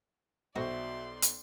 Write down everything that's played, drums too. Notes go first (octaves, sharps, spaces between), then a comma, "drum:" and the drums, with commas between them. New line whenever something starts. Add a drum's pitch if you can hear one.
B1 F#4 C5 D5 E5 C6
drum: hi-hat